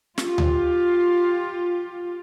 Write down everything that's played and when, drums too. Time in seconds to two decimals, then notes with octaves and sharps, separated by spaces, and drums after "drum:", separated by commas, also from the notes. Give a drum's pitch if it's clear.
0.18 F4 G4, drum: snare
0.38 drum: tom D2